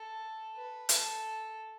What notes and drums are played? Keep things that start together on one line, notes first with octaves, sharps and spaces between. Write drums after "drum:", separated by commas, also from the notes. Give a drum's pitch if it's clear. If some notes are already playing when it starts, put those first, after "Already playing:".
Already playing: A4
B4
A4, drum: hi-hat